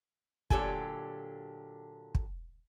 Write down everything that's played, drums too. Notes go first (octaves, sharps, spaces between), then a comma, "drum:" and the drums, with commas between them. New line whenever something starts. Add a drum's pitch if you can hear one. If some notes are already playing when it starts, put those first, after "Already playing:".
A#2 D3 F#3 G4 A4 G#5, drum: kick
drum: kick